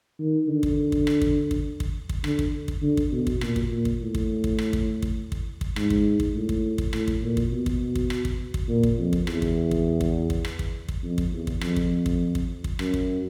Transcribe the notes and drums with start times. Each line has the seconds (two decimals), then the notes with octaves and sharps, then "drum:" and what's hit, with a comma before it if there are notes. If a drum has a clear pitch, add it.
0.19 D#3
0.48 D3
0.63 drum: kick
0.92 drum: kick
1.07 drum: rim click
1.22 drum: kick
1.51 drum: kick
1.80 drum: kick
2.09 drum: kick
2.24 D3, drum: rim click
2.39 drum: kick
2.68 drum: kick
2.82 D3
2.97 drum: kick
3.12 B2
3.27 drum: kick
3.41 A#2, drum: rim click
3.56 drum: kick
3.70 A#2
3.85 drum: kick
4.00 A2
4.15 drum: kick
4.44 drum: kick
4.59 drum: rim click
4.73 drum: kick
5.02 drum: kick
5.32 drum: kick
5.61 drum: kick
5.76 G#2, drum: rim click
5.90 drum: kick
6.20 drum: kick
6.34 A2
6.49 drum: kick
6.78 drum: kick
6.93 A2, drum: rim click
7.08 drum: kick
7.22 A#2
7.37 drum: kick
7.51 B2
7.66 drum: kick
7.95 drum: kick
8.10 drum: rim click
8.25 drum: kick
8.54 drum: kick
8.68 A#2
8.83 drum: kick
8.98 F2
9.13 drum: kick
9.27 E2, drum: rim click
9.42 drum: kick
9.71 drum: kick
10.01 drum: kick
10.30 drum: kick
10.45 drum: rim click
10.59 drum: kick
10.89 drum: kick
11.03 F2
11.18 drum: kick
11.32 E2
11.47 drum: kick
11.61 F2, drum: rim click
11.76 drum: kick
12.06 drum: kick
12.35 drum: kick
12.64 drum: kick
12.79 F#2, drum: rim click
12.94 drum: kick